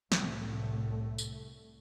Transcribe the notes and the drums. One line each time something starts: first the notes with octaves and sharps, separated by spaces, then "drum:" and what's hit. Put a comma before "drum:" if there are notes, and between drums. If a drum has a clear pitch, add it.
C2 A2 A3, drum: snare
drum: tambourine